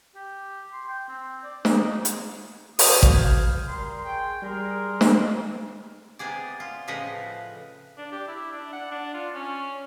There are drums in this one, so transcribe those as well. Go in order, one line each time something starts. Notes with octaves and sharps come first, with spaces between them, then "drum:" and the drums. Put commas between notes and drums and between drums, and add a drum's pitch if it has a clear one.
G4
C6
G5
C4
D5
D#4, drum: snare
drum: hi-hat
F#4 B5 D#6, drum: open hi-hat
drum: kick A1
F5 D#6 G6 G#6
G3 A#4 C6
G#4 C#5 G5
G3 G#4 A#4 C6
drum: snare
C3 B3 G#4 D5
F4
A2 C#3 F3 B4 D#5
D4
G4
E4
D4
F#5
D4
F4
C#4